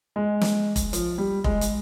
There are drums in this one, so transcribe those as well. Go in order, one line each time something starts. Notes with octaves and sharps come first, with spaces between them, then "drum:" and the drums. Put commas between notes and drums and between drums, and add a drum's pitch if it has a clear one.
G#3
drum: snare
drum: kick F1, hi-hat
F3, drum: hi-hat
G3
G#3, drum: kick F1
drum: hi-hat